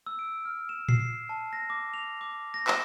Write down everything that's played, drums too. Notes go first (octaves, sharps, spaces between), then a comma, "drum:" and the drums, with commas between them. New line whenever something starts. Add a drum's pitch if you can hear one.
E6
D7
F6
E7
C7, drum: tom A2
A5
A#6
D6
F7
D6
A#6
E7, drum: clap